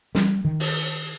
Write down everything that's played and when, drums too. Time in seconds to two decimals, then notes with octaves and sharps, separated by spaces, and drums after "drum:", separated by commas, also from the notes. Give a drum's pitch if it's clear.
0.15 G3, drum: snare
0.45 D#3
0.60 drum: open hi-hat